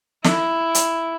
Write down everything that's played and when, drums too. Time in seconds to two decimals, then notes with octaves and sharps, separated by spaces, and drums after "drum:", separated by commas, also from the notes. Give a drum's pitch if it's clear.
0.24 E4, drum: snare
0.75 drum: hi-hat